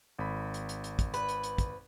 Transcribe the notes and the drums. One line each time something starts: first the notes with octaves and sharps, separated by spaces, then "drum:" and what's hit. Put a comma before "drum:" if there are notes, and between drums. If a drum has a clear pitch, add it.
G#1 B5
drum: hi-hat
drum: hi-hat
drum: hi-hat
drum: kick, hi-hat
B4, drum: hi-hat
drum: hi-hat
drum: hi-hat
drum: kick, hi-hat